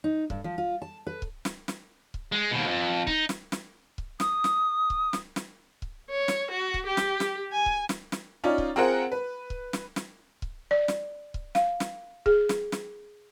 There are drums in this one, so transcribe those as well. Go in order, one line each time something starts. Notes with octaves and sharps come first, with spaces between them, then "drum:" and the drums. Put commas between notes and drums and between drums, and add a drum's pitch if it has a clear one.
D#4
G2, drum: kick C#1
F3
F4
A5
B4
drum: kick C#1
drum: snare
drum: snare
drum: kick C#1
G#3
D#2 B2
F2
D#4, drum: kick C#1
drum: snare
drum: snare
drum: kick C#1
D#6, drum: snare
drum: snare
drum: kick C#1
drum: snare
drum: snare
drum: kick C#1
C#5
drum: snare
F#4
drum: kick C#1
G4
drum: snare
drum: snare
G#5
drum: kick C#1
drum: snare
drum: snare
C#4 D#4 F4 D5
drum: kick C#1
C4 F4 G#4 A#4 C5 F#5
B4
drum: kick C#1
drum: snare
drum: snare
drum: kick C#1
D5
drum: snare
drum: kick C#1
F5, drum: snare
drum: snare
G#4, drum: kick C#1
drum: snare
drum: snare